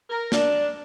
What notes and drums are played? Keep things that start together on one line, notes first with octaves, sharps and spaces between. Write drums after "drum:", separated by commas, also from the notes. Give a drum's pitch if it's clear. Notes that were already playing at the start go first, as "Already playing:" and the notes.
A#4
D4, drum: snare